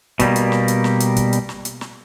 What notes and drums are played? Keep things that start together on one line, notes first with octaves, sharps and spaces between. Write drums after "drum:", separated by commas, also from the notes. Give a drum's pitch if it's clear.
B2 G3 A#3, drum: kick, hi-hat
drum: hi-hat
drum: snare
drum: hi-hat
drum: snare
drum: hi-hat
drum: kick, hi-hat
drum: hi-hat
drum: snare
drum: hi-hat
drum: snare